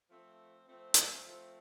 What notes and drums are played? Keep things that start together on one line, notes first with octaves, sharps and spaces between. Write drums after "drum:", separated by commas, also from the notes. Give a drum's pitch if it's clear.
F3 A3 C4
F3 A3 C4
drum: hi-hat
F3 A3 C4